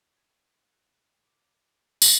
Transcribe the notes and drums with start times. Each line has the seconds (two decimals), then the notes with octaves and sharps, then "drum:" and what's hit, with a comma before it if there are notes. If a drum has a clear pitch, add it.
0.17 G#6
0.71 F#6
1.25 D6
2.02 C#5, drum: tambourine